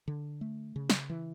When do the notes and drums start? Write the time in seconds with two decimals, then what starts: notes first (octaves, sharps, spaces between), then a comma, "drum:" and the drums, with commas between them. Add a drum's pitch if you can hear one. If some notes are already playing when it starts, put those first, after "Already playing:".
0.08 D3
0.41 A3
0.76 C#3
0.90 drum: snare
1.10 E3